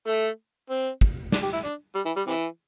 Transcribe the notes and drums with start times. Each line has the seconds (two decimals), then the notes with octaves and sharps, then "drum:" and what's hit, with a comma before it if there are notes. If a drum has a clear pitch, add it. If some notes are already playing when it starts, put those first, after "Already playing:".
0.08 A3
0.70 C4
1.01 drum: kick
1.32 D4, drum: snare
1.43 G4
1.53 E4
1.64 D4
1.95 G3
2.05 E3
2.16 G3
2.26 C3 E3